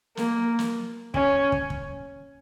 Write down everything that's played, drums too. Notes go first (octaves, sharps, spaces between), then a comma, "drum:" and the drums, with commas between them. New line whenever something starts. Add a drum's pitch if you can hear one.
A#3, drum: snare
drum: snare
C#4, drum: kick
drum: kick
drum: kick